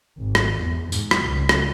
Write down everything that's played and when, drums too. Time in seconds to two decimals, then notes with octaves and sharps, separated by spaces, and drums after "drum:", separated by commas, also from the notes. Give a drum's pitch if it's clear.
0.21 G#1
0.35 drum: rim click
0.61 E2
0.92 G#2, drum: tambourine
1.11 drum: rim click
1.27 C#2
1.49 drum: rim click